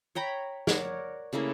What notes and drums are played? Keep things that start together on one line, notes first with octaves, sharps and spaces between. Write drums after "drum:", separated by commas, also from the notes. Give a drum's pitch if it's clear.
C#5 G5 A#5 B5
A#4 C#5 D5 F#5, drum: snare
C#3 A3 A#3 E4